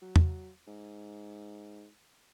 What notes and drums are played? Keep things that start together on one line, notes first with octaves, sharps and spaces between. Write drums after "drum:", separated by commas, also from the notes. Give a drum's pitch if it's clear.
F#3
drum: tom
G#2